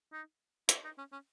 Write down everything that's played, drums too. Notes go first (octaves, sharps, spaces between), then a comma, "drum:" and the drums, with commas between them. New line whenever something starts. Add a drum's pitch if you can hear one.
D#4
E4, drum: hi-hat
D#4
C#4
C#4